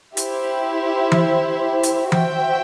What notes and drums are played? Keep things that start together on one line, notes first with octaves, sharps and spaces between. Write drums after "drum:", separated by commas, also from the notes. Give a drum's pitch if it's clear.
E4 G4 C5 E5, drum: hi-hat
drum: tom E3
drum: hi-hat
F#4 C5 E5 G5, drum: tom E3